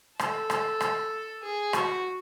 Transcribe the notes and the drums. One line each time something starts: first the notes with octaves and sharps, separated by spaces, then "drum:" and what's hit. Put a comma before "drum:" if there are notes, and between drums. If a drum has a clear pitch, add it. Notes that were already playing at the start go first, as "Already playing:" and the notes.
A4, drum: rim click
drum: rim click
drum: rim click
G#4
F#4, drum: rim click